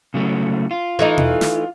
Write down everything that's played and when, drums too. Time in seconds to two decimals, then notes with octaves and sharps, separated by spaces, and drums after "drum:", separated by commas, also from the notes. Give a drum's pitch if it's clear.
0.14 C#3 F#3 A3
0.71 F4
0.99 E3 A3 D#4
1.18 drum: tom B2
1.41 drum: snare